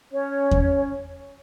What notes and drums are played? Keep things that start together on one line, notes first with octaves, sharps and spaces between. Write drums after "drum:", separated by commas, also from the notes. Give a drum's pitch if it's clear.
C#4 C#5
drum: kick E2